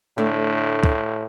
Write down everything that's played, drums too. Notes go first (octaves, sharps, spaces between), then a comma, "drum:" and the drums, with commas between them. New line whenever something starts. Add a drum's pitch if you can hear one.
A2 D3 A3 D4
drum: kick